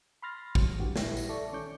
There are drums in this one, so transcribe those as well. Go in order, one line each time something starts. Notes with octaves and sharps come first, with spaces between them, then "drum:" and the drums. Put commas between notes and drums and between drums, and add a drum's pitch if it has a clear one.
B5 C6 F6 A6 A#6
F#3, drum: kick
G2 D3 E3 F#4 G4
A#1 G3 B3 E4 G5 A#6, drum: snare
drum: tambourine
A4 D5 E5 C#6
D#3 C#4 C#6 D6 G6